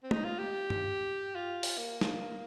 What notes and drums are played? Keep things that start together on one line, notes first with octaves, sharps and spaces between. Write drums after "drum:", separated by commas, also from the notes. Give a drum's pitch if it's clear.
C4
D#4, drum: tom
F4
G4
drum: tom G2
F4
drum: open hi-hat
A#3
drum: snare